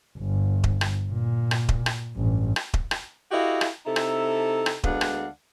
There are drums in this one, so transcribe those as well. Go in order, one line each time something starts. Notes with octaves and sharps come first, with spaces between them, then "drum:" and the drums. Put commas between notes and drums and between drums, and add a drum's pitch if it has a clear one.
G1
drum: kick D#1
drum: rim click
A#2
drum: rim click
drum: kick D#1
drum: rim click
A1 G2
drum: rim click
drum: kick D#1
drum: rim click
E4 F#4 G4 A4 D#5 F5
drum: rim click
C3 D#4 E4 A4
drum: rim click
drum: rim click
D2 G#3 B3 D4 F5 F#5, drum: kick D#1
drum: rim click